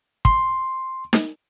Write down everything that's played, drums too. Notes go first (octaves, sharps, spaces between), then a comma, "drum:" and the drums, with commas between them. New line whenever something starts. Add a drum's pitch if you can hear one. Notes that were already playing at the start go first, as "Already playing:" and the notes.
C6, drum: kick
drum: snare D#4